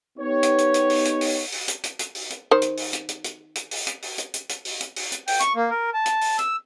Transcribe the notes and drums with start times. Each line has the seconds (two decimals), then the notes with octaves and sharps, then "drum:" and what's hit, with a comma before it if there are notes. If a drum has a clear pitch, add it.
0.19 B3 D#4 G4 C#5
0.43 drum: hi-hat
0.58 drum: hi-hat
0.74 drum: hi-hat
0.90 drum: open hi-hat
1.05 drum: hi-hat
1.21 drum: open hi-hat
1.52 drum: open hi-hat
1.68 drum: hi-hat
1.83 drum: hi-hat
1.99 drum: hi-hat
2.15 drum: open hi-hat
2.30 drum: hi-hat
2.51 D#3 C5
2.62 drum: hi-hat
2.77 drum: open hi-hat
2.93 drum: hi-hat
3.09 drum: hi-hat
3.24 drum: hi-hat
3.55 drum: hi-hat
3.71 drum: open hi-hat
3.87 drum: hi-hat
4.02 drum: open hi-hat
4.18 drum: hi-hat
4.34 drum: hi-hat
4.49 drum: hi-hat
4.65 drum: open hi-hat
4.81 drum: hi-hat
4.96 drum: open hi-hat
5.12 drum: hi-hat
5.27 G5, drum: open hi-hat
5.40 C#6, drum: hi-hat
5.55 A#3
5.70 A#4
5.94 A5
6.06 drum: hi-hat
6.21 drum: open hi-hat
6.39 E6, drum: hi-hat